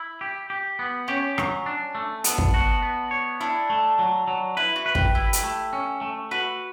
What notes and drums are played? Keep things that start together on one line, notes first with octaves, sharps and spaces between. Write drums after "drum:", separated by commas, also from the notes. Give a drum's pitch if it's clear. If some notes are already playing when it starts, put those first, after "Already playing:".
Already playing: E4
G4
G4
B3
C#4 G4
F#3, drum: rim click
D4
A3
B3 D4, drum: hi-hat
drum: kick
F#4
B3
C#5
D4 E4
A3
F#3
F#3
E4 B4
F#4
B4
G4, drum: kick
E4 G4
drum: hi-hat
A3
C#4
A3
F#4 B4